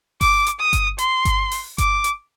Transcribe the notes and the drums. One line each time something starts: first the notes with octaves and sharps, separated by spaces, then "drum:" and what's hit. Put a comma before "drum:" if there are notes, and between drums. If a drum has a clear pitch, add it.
D6, drum: kick G1, open hi-hat
drum: hi-hat
D#6
drum: kick G1, hi-hat
C6, drum: hi-hat
drum: kick G1, hi-hat
drum: open hi-hat
D6, drum: kick G1, hi-hat
drum: hi-hat